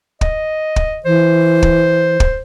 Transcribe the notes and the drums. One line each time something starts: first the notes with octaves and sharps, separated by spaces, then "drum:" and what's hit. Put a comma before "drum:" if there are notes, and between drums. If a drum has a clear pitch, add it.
D#5, drum: kick
drum: kick
E3 C5
drum: kick
drum: kick